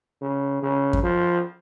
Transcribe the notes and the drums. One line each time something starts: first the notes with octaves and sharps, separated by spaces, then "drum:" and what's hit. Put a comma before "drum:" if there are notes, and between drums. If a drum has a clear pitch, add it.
C#3
C#3
drum: kick F#2
F3